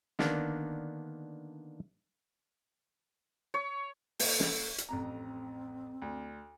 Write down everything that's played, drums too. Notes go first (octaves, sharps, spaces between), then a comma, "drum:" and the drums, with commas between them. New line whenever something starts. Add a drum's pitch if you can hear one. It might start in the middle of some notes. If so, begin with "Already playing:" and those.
D3 D#3 A#3 B3 D4, drum: snare
C#5
A#2 A4, drum: open hi-hat
drum: snare
drum: hi-hat
A1 F2 C4 A#5
D2